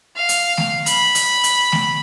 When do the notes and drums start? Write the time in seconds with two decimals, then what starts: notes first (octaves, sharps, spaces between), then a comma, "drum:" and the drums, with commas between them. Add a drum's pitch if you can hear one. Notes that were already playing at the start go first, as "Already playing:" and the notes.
0.16 F5
0.29 drum: hi-hat
0.57 drum: snare A3
0.86 B5, drum: hi-hat
1.15 drum: hi-hat
1.44 drum: hi-hat
1.72 drum: snare A3